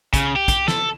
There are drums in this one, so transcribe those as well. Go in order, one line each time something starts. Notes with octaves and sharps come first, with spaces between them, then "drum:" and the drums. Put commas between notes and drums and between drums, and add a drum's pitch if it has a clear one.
C#3, drum: kick, hi-hat
G4
drum: kick, hi-hat
A4, drum: snare